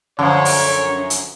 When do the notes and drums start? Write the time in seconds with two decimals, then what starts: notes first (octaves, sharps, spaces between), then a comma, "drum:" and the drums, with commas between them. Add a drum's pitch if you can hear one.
0.19 F#2 D3 F3 C#5
0.45 drum: open hi-hat
1.10 drum: hi-hat